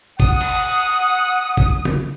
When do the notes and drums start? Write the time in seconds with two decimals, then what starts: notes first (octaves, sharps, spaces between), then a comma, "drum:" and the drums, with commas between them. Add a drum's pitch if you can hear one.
0.20 F#5 D#6, drum: kick G#1
0.41 drum: cymbal
1.57 drum: kick G#1
1.85 drum: tom C#3